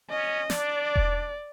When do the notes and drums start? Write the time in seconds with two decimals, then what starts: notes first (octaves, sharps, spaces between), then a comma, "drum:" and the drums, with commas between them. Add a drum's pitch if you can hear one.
0.10 C#4 D#5
0.50 D4 D5, drum: snare
0.96 drum: kick E1